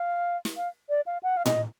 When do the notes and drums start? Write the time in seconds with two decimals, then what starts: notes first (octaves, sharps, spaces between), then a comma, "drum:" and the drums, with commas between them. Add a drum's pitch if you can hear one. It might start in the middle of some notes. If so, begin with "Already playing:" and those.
Already playing: F5
0.45 drum: snare
0.57 F5
0.89 D5
1.06 F5
1.23 F#5
1.37 F5
1.46 D#5, drum: tom A2